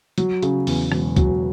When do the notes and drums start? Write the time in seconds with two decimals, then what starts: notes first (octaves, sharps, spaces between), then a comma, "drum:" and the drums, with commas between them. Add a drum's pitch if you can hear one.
0.18 F#3, drum: hi-hat
0.43 C#3, drum: hi-hat
0.67 E2, drum: open hi-hat
0.92 E1, drum: rim click
1.16 F#3, drum: kick, hi-hat